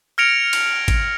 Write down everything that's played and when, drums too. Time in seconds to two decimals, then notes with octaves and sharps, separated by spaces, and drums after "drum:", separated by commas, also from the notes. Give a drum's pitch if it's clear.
0.18 F6 G#6 A#6 C#7 D7 F7
0.53 drum: cymbal
0.88 drum: kick, cymbal